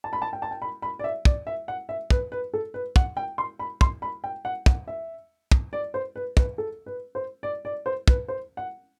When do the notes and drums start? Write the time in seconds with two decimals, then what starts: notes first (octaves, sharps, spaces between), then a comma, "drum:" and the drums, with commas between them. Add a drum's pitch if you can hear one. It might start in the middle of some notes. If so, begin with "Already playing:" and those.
0.04 A5
0.13 B5
0.22 A5
0.33 G5
0.42 A5
0.51 G5
0.62 B5
0.82 B5
0.99 D5
1.04 E5
1.25 D5, drum: kick
1.47 E5
1.68 F#5
1.89 E5
2.10 B4, drum: kick
2.32 B4
2.54 A4
2.74 B4
2.96 F#5, drum: kick
3.17 G5
3.38 C6
3.59 B5
3.81 C6, drum: kick
4.02 B5
4.24 G5
4.45 F#5
4.66 F#5, drum: kick
4.88 E5
5.51 drum: kick
5.73 D5
5.94 C5
6.16 B4
6.37 B4, drum: kick
6.58 A4
6.86 B4
7.15 C5
7.43 D5
7.65 D5
7.86 C5
8.08 B4, drum: kick
8.28 C5
8.57 F#5